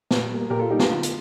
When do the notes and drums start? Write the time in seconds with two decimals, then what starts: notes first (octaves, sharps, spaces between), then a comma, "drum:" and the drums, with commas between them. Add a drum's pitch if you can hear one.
0.11 A#2, drum: snare
0.31 G3 A#3
0.50 A#2 G4 A#4
0.60 F4 A4
0.70 G3 A#3 D#4 G4
0.79 F4, drum: snare
0.90 D3 F4
1.03 drum: hi-hat